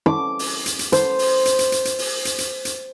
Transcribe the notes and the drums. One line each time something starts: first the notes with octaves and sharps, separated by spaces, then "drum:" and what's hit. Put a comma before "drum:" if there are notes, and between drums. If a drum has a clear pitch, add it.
D6
drum: open hi-hat
drum: hi-hat
drum: hi-hat
C5, drum: hi-hat
drum: open hi-hat
drum: hi-hat
drum: hi-hat
drum: hi-hat
drum: hi-hat
drum: open hi-hat
drum: hi-hat
drum: hi-hat
drum: hi-hat